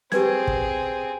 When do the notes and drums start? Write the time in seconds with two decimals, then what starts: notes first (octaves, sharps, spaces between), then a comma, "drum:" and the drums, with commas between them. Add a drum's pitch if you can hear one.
0.12 C4 G4 G#4 B4 G#6, drum: snare
0.47 drum: kick